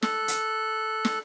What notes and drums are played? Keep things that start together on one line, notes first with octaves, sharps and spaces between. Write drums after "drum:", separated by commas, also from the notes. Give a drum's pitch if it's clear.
A4 F#6, drum: snare
drum: hi-hat
drum: snare